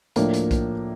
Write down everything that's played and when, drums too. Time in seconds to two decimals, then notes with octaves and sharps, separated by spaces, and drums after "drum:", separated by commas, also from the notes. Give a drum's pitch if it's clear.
0.16 A2 F3 A#3 D4, drum: hi-hat
0.34 drum: hi-hat
0.51 drum: kick B1, hi-hat